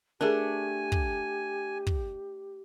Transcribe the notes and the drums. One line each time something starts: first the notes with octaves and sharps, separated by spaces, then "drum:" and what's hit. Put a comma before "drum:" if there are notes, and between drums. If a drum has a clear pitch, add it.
A3 D4 G4 G#4 A#4 G#5
drum: kick
drum: kick